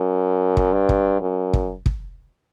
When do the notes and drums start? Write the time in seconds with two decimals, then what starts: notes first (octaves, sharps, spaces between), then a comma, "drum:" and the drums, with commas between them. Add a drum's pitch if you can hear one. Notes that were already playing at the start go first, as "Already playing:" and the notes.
Already playing: F#2
0.57 drum: kick
0.73 G2
0.89 drum: kick
1.21 F#2
1.53 drum: kick
1.86 drum: kick